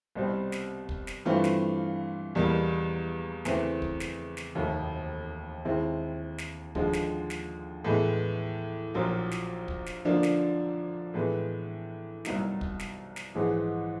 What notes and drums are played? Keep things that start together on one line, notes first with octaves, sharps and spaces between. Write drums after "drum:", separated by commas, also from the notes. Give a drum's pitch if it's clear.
C2 B2 G3 C4
drum: snare
drum: kick
drum: snare
G2 E3 A3 C4 F4
drum: snare
E2 B2 G3 A#3
E2 C#3 E3 A3 C4, drum: snare
drum: kick
drum: snare
drum: snare
F1 D#2 D#3 F#3 A3
D#2 D#3 G#3 C4 E4
drum: snare
D#2 D3 F3 G#3, drum: kick
drum: snare
drum: snare
A2 E3 G#3 B3
A#1 A#2 F#3 A#3
drum: snare
drum: kick
drum: snare
F#2 D3 F3 A#3 D4
drum: snare
A2 E3 G#3 B3
C2 B2 F#3 A#3 D#4, drum: snare
drum: kick
drum: snare
drum: snare
A#1 G#2 E3 G#3